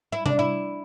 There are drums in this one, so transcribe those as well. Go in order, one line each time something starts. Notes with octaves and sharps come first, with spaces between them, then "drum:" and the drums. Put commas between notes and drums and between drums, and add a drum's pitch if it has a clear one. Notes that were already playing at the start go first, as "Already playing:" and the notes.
E4
D4, drum: tom C3
E4